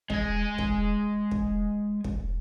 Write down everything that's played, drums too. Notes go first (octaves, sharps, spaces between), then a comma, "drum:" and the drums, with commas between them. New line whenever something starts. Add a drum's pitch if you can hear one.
G#3 G#5, drum: kick
drum: kick
drum: kick
drum: kick